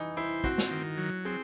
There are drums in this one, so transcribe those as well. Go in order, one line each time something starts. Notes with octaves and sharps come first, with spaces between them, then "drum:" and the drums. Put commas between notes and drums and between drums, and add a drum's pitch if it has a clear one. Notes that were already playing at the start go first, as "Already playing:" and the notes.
Already playing: E3 D#4
E4 C5
C4 F#4, drum: kick
drum: snare
D#3
F#3
C4 G#4